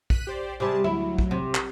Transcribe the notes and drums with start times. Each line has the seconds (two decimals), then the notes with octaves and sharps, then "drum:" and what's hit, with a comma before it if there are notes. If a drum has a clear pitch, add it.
0.10 F#6 B6 D#7, drum: kick
0.27 G4 C5 D5
0.60 C3 G3 G#4 A5
0.84 D2 F#3 E4
1.18 drum: kick
1.31 C3
1.55 drum: clap